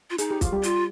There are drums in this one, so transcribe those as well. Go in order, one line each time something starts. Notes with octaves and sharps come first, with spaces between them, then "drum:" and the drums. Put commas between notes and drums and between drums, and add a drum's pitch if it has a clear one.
F4
D#4 G#4, drum: hi-hat
G4
F4, drum: kick, hi-hat
G3 G4
F4, drum: hi-hat